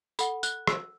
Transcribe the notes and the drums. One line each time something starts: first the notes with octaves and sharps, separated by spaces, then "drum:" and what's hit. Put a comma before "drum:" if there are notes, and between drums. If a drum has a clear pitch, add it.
A4 F#5 B5, drum: tambourine
F#6, drum: tambourine
E6, drum: rim click